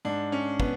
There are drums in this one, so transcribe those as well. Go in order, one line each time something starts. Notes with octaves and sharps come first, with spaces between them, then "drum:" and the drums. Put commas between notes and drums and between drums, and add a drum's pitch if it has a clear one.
G#2 D4
C#4
B3, drum: kick